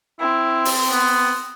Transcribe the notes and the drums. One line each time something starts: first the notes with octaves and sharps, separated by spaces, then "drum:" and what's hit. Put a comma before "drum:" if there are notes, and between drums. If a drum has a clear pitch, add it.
C4 E4
drum: open hi-hat
B3